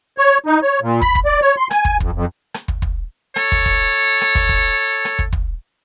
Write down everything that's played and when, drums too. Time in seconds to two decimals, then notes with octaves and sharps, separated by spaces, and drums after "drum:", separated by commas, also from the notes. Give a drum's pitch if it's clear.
0.18 C#5
0.46 D#4
0.62 C#5
0.82 A#2
1.02 B5, drum: kick
1.15 drum: kick
1.26 D5
1.42 C#5
1.57 C6
1.70 G#5, drum: rim click
1.85 drum: kick
2.00 F2, drum: kick
2.15 F2
2.54 drum: rim click
2.68 drum: kick
2.82 drum: kick
3.36 A4 C#5, drum: rim click
3.52 drum: kick
3.66 drum: kick
4.21 drum: rim click
4.35 drum: kick
4.49 drum: kick
5.05 drum: rim click
5.19 drum: kick
5.33 drum: kick